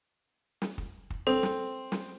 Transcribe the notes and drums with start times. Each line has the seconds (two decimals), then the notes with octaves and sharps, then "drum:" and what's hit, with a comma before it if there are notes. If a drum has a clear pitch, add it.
0.62 drum: snare
0.78 drum: kick
1.10 drum: kick
1.27 C4 A4
1.43 drum: snare
1.92 drum: snare